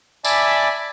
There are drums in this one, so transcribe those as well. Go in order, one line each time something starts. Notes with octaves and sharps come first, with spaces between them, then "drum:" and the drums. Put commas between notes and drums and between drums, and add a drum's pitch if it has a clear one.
D5 E5 G#5 A5 B5 D6, drum: tambourine